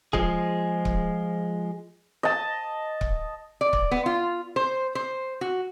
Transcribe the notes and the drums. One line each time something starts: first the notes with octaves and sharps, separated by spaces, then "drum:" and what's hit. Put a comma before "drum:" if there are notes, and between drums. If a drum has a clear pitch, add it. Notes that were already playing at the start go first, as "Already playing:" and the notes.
F3 G#3 G#4, drum: kick C#1
drum: kick C#1
D#5 A5
drum: kick C#1
D5
drum: kick C#1
B3
F4
C5
C5
F#4